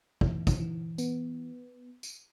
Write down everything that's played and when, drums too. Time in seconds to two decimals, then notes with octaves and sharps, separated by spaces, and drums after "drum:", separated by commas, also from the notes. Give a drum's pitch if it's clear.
0.21 E3, drum: kick
0.47 drum: kick, tambourine
0.60 E3
0.98 B3, drum: tambourine
2.03 drum: tambourine